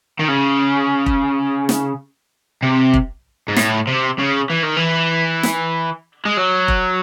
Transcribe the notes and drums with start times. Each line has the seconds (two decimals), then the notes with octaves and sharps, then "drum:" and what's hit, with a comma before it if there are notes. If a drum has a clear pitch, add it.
0.20 D#3
0.29 C#3
1.06 drum: kick F1
1.69 drum: snare
2.62 C3
2.94 drum: kick F1
3.48 G#2
3.56 A2, drum: snare
3.87 C3
4.19 C#3
4.50 E3
4.63 D#3
4.77 E3
5.43 drum: snare
6.25 G#3
6.37 F#3
6.68 drum: kick F1